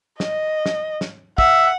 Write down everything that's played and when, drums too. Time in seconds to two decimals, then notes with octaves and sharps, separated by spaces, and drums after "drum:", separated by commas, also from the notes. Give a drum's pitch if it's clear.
0.20 D#5, drum: snare
0.66 drum: snare
1.01 drum: snare
1.38 E5 F#5, drum: kick